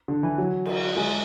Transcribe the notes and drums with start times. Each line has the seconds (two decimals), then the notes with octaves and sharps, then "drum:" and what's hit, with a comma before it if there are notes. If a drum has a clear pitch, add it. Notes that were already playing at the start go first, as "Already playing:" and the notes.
0.08 D3
0.23 E3
0.38 F#3
0.65 drum: cymbal
0.97 G#3